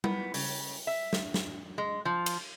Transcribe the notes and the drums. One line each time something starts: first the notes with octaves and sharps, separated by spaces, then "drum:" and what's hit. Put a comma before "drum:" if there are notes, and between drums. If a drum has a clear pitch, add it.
B3, drum: tom G3
C#3, drum: open hi-hat
E5
drum: snare
drum: snare
G#3
F3
drum: cymbal